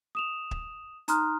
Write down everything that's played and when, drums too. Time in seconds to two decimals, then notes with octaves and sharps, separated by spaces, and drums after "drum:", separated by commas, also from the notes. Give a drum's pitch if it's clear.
0.15 D#6 E7 F7
0.51 drum: kick
1.08 D#4 A#5 C6 D#6 F6 F#6, drum: hi-hat